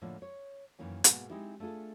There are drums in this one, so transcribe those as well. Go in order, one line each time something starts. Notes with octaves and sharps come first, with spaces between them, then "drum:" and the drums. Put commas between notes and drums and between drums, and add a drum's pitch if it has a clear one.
A2 D3 F3 A#3
C#5
F#2 B2 D#3 E3 A#3 C#4
G#2 B2 G#3 A#3 B3, drum: hi-hat
G#3 C4 D#4 E4 G4
A3 D4 F4 G#4 A4